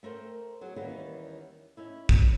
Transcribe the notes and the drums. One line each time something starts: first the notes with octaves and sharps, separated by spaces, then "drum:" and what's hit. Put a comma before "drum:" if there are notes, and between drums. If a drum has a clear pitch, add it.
A3 A#4 C5 G5
F#3 G#4
D#2 D#3 E3 G3 B3 C#4
C#4 D#4 E4
drum: kick